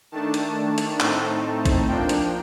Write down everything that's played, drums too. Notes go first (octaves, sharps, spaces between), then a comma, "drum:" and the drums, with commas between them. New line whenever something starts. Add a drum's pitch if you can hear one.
D#3 A3 D4 A5
drum: hi-hat
drum: hi-hat
A2 A3 C4 D#4, drum: clap
drum: kick A#1, hi-hat
F3 A#3 D4 G5
drum: hi-hat